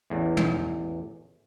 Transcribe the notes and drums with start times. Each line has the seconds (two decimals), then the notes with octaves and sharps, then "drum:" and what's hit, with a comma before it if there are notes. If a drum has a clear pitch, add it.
0.10 A1 E2
0.37 drum: tom